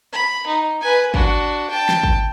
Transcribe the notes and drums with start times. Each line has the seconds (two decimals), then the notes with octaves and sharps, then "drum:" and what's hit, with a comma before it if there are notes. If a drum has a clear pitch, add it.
0.12 B5
0.47 D#4
0.81 B4 G#5
1.14 D4 F#4, drum: kick G#1
1.70 G5 A5
1.89 drum: snare
2.03 drum: kick G#1